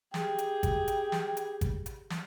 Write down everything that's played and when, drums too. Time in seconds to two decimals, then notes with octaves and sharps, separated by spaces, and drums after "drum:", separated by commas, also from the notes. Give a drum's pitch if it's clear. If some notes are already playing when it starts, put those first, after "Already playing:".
0.14 G4 G#4 G5, drum: snare
0.38 drum: hi-hat
0.63 drum: kick, hi-hat
0.88 drum: hi-hat
1.12 drum: snare
1.37 drum: hi-hat
1.61 drum: kick, hi-hat
1.86 drum: hi-hat
2.10 drum: snare